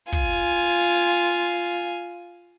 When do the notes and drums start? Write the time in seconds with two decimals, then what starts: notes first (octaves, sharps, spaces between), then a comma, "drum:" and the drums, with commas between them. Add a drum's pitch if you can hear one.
0.12 F4 G#5, drum: kick
0.33 drum: hi-hat